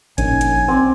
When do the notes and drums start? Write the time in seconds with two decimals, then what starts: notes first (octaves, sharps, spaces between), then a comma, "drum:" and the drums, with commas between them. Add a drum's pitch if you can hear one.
0.18 A#1 D#3 C#4 G#5, drum: kick G#1, hi-hat
0.41 drum: hi-hat
0.68 C4 D5